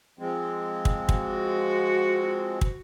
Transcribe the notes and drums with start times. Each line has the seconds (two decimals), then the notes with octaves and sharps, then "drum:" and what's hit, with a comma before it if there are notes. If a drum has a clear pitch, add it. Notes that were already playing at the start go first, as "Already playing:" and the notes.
0.19 F3 G#3 C4
0.85 drum: kick
1.09 F#4, drum: kick
2.61 drum: kick